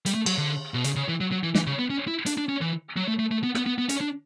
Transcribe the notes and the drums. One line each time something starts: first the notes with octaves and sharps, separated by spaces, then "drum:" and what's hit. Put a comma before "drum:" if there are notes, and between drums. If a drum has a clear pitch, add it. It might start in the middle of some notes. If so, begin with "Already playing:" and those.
G3, drum: hi-hat
A3
F#3, drum: cymbal
D3
B2
C#3, drum: hi-hat
C#3
E3
F#3
F#3
E3
E3, drum: snare
C#3
B3
C#4
E4
D4, drum: hi-hat
D4
C#4
E3
F#3
A3
A3
A3
B3
B3, drum: rim click
B3
B3
C#4, drum: hi-hat
D4